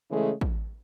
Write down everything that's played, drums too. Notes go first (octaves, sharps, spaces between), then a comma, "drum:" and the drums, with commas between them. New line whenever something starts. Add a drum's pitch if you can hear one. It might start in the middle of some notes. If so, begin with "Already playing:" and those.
C#3 E3 G#3 A3
drum: kick